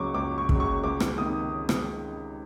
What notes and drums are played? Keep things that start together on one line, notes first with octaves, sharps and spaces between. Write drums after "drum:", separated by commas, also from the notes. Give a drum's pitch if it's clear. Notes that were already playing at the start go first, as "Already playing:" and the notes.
Already playing: C#2 C#3 F#3 C#6 D6
C#2 D6
C#6
C#3 F#3, drum: kick
C#6
C#2 D6
drum: rim click
C3 D#3 D#6
drum: rim click